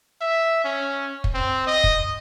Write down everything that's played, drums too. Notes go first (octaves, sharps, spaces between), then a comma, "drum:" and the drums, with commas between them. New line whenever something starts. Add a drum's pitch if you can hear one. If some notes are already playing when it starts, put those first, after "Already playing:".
E5
C#4
drum: kick
C4
D#5
drum: kick